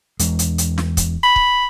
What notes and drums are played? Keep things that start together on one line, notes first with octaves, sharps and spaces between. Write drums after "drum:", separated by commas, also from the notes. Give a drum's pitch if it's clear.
E2 G#3, drum: hi-hat
drum: hi-hat
drum: hi-hat
drum: snare
drum: kick, hi-hat
B5
drum: kick